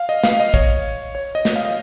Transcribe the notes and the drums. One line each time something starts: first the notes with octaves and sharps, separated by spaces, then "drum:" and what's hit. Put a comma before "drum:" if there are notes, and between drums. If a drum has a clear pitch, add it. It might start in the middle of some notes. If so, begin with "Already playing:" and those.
Already playing: F5
D#5
F5, drum: snare
D#5
C#5, drum: kick
C#5
D#5
drum: snare
F5
D#5